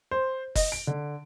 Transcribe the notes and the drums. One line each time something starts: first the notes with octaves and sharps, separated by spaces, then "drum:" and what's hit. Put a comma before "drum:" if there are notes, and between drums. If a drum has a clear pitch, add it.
C5
D#5, drum: kick F#1, open hi-hat
D7
D3